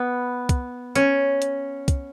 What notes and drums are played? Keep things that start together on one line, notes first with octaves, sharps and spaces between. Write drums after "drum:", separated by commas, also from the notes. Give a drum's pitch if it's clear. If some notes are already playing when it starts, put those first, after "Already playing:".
Already playing: B3
drum: kick, hi-hat
C#4, drum: hi-hat
drum: hi-hat
drum: kick, hi-hat